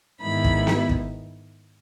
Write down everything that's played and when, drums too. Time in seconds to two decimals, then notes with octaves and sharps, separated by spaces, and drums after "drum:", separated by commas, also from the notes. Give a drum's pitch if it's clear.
0.22 G#2 D#3 G#3 B3 E4 B5
0.44 drum: kick
0.67 drum: snare B3
0.89 drum: kick